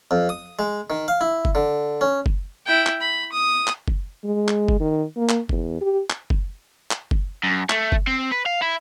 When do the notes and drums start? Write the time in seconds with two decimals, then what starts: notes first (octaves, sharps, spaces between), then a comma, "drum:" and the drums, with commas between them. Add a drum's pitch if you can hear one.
0.11 F2
0.29 D#6
0.59 G#3
0.90 D#3
1.08 F5
1.21 E4
1.45 drum: kick F#1
1.55 D3
2.01 C#4
2.26 drum: kick F#1
2.66 E4 G5
2.86 drum: clap
3.00 B5
3.32 D#6
3.67 drum: clap
3.88 drum: kick F#1
4.25 G#3
4.48 drum: clap
4.68 drum: kick F#1
4.80 D#3
5.17 A#3
5.29 drum: clap
5.49 E2, drum: kick F#1
5.81 G4
6.10 drum: clap
6.30 drum: kick F#1
6.91 drum: clap
7.11 drum: kick F#1
7.44 F#2
7.70 A3, drum: clap
7.92 drum: kick F#1
8.07 C4
8.31 B4
8.46 F5
8.62 E4